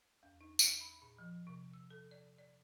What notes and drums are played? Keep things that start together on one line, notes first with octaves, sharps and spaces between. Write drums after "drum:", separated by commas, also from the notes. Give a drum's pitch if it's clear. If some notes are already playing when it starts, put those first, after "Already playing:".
E2
D#4
E5, drum: tambourine
B5
A#2
F3
C3
E6
A4
D5
D5